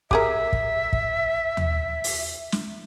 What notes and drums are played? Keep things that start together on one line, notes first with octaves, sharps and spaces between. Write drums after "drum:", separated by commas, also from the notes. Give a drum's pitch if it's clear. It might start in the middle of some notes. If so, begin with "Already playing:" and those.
G4 G#4 A#4 E5, drum: kick
drum: kick
drum: kick
drum: tom D#2
drum: open hi-hat
drum: snare